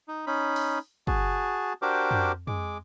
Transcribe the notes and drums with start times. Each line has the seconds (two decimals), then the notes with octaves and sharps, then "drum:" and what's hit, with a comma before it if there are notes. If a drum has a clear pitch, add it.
0.08 D#4
0.27 C#4 D#4 B5
0.56 drum: open hi-hat
1.07 F#4 G#4 A5, drum: kick
1.82 D4 F#4 G4 A#4 C5 D6
2.11 drum: tom
2.47 G#3 D6, drum: tom